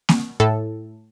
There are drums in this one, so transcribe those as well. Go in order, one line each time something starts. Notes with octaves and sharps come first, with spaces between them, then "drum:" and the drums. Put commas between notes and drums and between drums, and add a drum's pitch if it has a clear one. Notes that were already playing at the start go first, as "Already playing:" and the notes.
drum: snare A#3
A2 A4